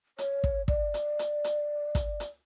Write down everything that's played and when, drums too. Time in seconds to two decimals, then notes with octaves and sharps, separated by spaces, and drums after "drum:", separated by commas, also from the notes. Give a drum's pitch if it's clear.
0.18 C#5, drum: hi-hat
0.44 drum: kick
0.68 D5, drum: kick
0.94 drum: hi-hat
1.19 drum: hi-hat
1.44 drum: hi-hat
1.95 drum: kick, hi-hat
2.20 drum: hi-hat